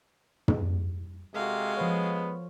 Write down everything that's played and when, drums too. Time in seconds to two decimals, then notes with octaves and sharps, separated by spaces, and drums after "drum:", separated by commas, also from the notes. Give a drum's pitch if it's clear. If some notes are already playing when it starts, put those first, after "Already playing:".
0.48 drum: tom
1.34 C3 G#3 F#4 A4 F5
1.77 F3 B3 C5 C#5